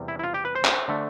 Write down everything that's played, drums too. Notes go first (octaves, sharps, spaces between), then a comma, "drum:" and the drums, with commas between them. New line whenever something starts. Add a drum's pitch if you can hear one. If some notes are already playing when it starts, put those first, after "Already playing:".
Already playing: E2 C3 G3
E4
E4
F4
G4
B4
C5
drum: clap
D3 A3